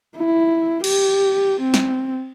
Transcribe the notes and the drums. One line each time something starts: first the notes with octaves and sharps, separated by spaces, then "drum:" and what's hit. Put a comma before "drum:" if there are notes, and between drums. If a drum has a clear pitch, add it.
E4
G4, drum: cymbal
C4
drum: snare